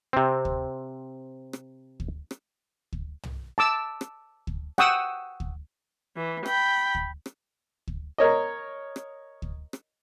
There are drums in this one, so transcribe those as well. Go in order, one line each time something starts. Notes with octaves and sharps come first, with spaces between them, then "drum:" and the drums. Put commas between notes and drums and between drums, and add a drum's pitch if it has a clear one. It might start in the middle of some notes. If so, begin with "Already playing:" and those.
C3 C4
drum: kick
drum: rim click
drum: kick
drum: rim click
drum: kick
drum: tom
A5 D6 E6
drum: rim click
drum: kick
F#5 G5 C#6 D#6 E6, drum: rim click
drum: kick
E3
G5 B5, drum: rim click
drum: kick
drum: rim click
drum: kick
A#4 C#5 D#5
drum: rim click
drum: kick
drum: rim click